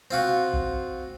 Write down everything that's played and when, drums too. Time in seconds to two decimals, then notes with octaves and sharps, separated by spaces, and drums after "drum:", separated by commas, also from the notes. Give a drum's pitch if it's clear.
0.11 C4 F4 F#4
0.53 drum: kick